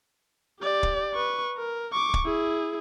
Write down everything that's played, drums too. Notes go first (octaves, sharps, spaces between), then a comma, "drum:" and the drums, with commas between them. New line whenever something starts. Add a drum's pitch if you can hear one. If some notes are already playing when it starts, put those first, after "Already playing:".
G4 D5
drum: kick
B4 C#6
A#4
C#6 D6
drum: kick
E4 G#4